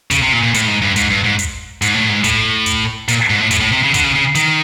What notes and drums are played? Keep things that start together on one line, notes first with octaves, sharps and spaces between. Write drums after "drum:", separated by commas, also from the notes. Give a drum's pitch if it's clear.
C#3, drum: kick, hi-hat
C3
A#2
A#2
A2, drum: hi-hat
G#2
G2
G#2, drum: kick, hi-hat
G2
G#2
drum: kick, hi-hat
G#2, drum: hi-hat
A2
G#2
A2, drum: kick, hi-hat
drum: kick, hi-hat
A#2, drum: hi-hat
G#2
A2
A2, drum: kick, hi-hat
A2
C3
C#3
D3, drum: kick, hi-hat
C#3
C#3
D#3, drum: hi-hat